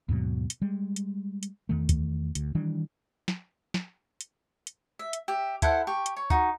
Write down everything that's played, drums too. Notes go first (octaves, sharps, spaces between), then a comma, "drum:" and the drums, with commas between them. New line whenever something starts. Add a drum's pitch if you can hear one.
D#2 G#2 B2 F#3
drum: hi-hat
G3 G#3
drum: hi-hat
drum: hi-hat
E2 D#3 A3
drum: kick, hi-hat
D2, drum: hi-hat
D#3 E3 G3 D4
drum: snare
drum: snare
drum: hi-hat
drum: hi-hat
E5
drum: hi-hat
G4 E5
E4 A4 C5 F#5, drum: kick, hi-hat
G4 C#6
drum: hi-hat
C#5
D#4 F#4, drum: kick